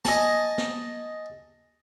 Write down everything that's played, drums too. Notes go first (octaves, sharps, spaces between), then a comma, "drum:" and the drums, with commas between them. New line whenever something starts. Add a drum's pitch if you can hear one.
D#5 G#5 A5, drum: snare
drum: snare